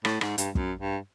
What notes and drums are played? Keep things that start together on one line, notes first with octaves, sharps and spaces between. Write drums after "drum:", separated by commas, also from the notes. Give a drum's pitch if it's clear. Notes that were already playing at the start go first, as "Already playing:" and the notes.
A2, drum: rim click
G#2, drum: rim click
G2, drum: hi-hat
F#2, drum: kick
G2